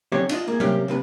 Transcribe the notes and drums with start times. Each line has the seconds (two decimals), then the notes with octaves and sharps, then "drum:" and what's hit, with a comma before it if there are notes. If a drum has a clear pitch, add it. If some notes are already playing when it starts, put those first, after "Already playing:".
0.12 D3 F#3 C4 C#4 G4 C#5
0.29 D4 F4 D#5, drum: cymbal
0.48 A#3 G#4
0.60 C3 A#3 C#4 G4, drum: tom F#3
0.88 D#2 C3 B4